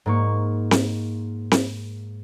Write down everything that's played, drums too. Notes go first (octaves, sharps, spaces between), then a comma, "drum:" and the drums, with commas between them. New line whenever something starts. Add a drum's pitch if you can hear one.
G#2 A#3 C#6
drum: snare C4
drum: snare C4